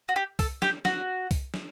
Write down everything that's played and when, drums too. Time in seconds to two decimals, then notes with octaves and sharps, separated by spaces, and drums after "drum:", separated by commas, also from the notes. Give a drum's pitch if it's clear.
0.09 F#4
0.16 G4
0.39 A4, drum: kick C2, open hi-hat
0.62 G4, drum: snare
0.85 F#4, drum: snare
1.31 drum: kick C2, open hi-hat
1.54 drum: snare